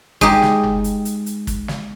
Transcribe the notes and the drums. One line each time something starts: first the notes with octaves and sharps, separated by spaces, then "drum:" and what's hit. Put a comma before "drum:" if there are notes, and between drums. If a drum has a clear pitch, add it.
G#3 D#4 G4, drum: kick
drum: snare
drum: tom F#1
drum: hi-hat
drum: hi-hat
drum: hi-hat
drum: kick, hi-hat
drum: snare